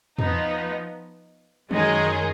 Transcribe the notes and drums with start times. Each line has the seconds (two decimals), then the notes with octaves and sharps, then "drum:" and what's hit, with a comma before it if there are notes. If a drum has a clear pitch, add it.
0.19 F3 B3 D#4, drum: tom
1.71 F#2 D#3 G#3 D#4 G#4, drum: tom